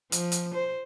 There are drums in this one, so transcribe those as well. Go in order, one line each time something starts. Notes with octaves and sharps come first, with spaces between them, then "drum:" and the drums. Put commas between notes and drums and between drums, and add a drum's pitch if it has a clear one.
F3, drum: hi-hat
drum: hi-hat
C5